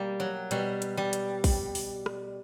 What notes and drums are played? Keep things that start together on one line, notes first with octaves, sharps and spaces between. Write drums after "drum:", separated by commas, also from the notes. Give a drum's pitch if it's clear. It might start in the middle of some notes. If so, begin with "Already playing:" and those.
Already playing: B2 G3 A#3
F#3
B2 G3, drum: hi-hat
drum: hi-hat
G3
drum: hi-hat
drum: kick A#1, open hi-hat
drum: open hi-hat
drum: rim click